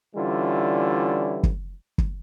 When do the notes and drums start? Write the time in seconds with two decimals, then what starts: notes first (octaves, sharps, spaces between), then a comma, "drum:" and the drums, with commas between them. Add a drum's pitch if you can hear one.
0.16 D3 E3 G3 C#4 E4 F4
1.43 drum: kick
1.98 drum: kick